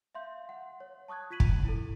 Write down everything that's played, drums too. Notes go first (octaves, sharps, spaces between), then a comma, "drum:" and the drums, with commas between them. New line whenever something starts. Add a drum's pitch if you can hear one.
E5 F5 C6 G6
F#5
C#5
A5 C#6 D#6 F#6 G#6
F4 G#6 B6 D#7 F#7
drum: kick
E4 A4